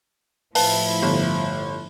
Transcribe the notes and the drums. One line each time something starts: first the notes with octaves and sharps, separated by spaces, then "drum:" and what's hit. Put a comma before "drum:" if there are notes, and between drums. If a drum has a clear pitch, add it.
A2 F3 E4 B4 F5 A5, drum: open hi-hat
G1